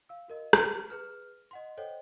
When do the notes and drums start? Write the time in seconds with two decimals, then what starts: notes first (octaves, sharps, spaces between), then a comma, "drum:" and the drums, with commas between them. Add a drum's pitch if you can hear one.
0.09 F5 E6
0.28 F#4 A#4 D#5
0.53 F6, drum: rim click
0.90 G#4 B4 F6
1.51 D#5 F#5 C6
1.77 A4 C5 C#5 D#5 F#5 G5